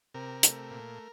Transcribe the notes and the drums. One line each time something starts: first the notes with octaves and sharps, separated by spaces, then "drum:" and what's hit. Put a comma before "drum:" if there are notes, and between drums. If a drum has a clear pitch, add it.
C3 A#4
A3, drum: hi-hat
A#2